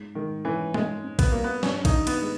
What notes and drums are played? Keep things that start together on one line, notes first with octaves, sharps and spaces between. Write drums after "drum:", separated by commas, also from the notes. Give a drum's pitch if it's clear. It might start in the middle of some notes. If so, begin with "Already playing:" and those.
Already playing: G#2
G#2 D#3
E3 C#4
G#2 G#3, drum: tom G#3
C#4
B3, drum: kick B1, cymbal
G3 A#3
B3
G2 C#4, drum: snare
D#4, drum: kick B1, cymbal
D#3
B3, drum: cymbal
G#3